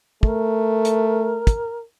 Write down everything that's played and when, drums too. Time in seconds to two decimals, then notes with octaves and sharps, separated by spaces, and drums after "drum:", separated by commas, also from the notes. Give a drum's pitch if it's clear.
0.23 A3 A#4, drum: kick
0.85 drum: hi-hat
1.47 drum: kick, hi-hat